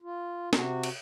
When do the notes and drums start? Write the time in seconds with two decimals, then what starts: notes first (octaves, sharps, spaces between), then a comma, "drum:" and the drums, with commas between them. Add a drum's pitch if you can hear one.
0.02 F4
0.53 C3 F#4, drum: snare
0.83 drum: cymbal